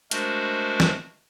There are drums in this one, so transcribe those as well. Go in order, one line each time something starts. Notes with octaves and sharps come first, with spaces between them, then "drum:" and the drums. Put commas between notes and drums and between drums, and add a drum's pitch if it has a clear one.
G#3 A3 D4 F#4 A#4 C5, drum: hi-hat
drum: snare